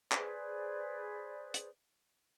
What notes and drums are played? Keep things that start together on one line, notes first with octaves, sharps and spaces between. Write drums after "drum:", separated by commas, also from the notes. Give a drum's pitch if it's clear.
G#4 B4 C5 D5, drum: clap
drum: hi-hat